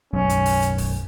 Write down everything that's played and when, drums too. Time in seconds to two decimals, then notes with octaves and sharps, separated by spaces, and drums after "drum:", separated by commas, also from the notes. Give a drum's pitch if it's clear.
0.13 F#1 B1 F#2 C#4
0.29 drum: hi-hat
0.46 drum: open hi-hat
0.62 drum: hi-hat
0.78 drum: kick D1, open hi-hat